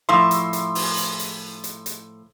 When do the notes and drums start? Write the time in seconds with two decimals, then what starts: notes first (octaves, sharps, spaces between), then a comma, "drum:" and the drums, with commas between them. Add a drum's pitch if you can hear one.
0.09 A2 F3 E5 C6
0.31 drum: hi-hat
0.53 drum: hi-hat
0.75 drum: open hi-hat
0.97 drum: hi-hat
1.19 drum: hi-hat
1.64 drum: hi-hat
1.86 drum: hi-hat